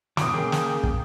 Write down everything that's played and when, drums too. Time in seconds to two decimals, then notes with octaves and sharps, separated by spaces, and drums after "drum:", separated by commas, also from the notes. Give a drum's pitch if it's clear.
0.17 B2 E3 F#3 D6 D#6, drum: snare
0.33 A#3 C#4 G#4 G5
0.52 drum: snare
0.83 drum: kick